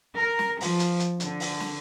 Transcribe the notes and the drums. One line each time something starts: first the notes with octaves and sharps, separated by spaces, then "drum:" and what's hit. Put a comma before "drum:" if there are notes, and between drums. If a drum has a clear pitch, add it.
A#4
drum: snare
F3, drum: open hi-hat
drum: hi-hat
drum: hi-hat
D3, drum: hi-hat
drum: open hi-hat
drum: snare